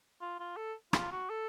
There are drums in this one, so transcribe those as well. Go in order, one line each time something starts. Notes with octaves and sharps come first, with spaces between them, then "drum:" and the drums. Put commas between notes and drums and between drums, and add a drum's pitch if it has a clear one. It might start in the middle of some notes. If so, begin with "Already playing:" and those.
F4
F4
A4
F4, drum: rim click
F#4
A4